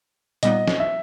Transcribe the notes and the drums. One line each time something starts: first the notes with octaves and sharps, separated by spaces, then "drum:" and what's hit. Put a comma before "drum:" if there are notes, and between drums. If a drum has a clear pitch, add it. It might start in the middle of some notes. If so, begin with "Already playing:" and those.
A#2 G3 B3 D#4 D#5, drum: hi-hat
drum: snare
E5